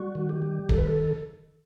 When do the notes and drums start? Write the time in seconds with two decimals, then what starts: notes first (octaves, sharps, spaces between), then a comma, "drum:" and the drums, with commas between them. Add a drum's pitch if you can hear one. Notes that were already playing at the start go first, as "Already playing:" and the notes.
Already playing: G3 F#4
0.15 D#3
0.29 G4
0.42 G3
0.69 D#3 A4, drum: kick D1
0.78 B4
0.87 A4